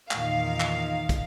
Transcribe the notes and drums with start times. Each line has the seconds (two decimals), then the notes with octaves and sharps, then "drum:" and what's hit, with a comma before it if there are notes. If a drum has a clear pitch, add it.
0.11 E2 A#2 D#3 F5, drum: clap
0.60 drum: clap
1.09 drum: kick, hi-hat